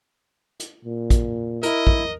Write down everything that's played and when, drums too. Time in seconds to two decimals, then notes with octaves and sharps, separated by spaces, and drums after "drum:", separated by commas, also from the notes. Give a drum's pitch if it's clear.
0.60 drum: hi-hat
0.85 A#2
1.10 drum: kick, hi-hat
1.63 E4 A#4 D#5, drum: hi-hat
1.87 drum: kick